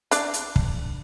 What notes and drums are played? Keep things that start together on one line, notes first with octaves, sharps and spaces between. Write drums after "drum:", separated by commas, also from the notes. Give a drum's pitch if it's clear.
D4 D5, drum: hi-hat
drum: hi-hat
drum: kick